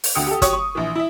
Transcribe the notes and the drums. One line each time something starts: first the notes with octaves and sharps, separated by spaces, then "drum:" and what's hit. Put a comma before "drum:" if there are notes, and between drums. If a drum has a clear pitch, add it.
drum: open hi-hat
D2 D3 G5 D#6 C#7
G4 A4
F#4 G4 C#5 C#6 D#6, drum: kick, hi-hat
C#6
A#1 E3
E4 E5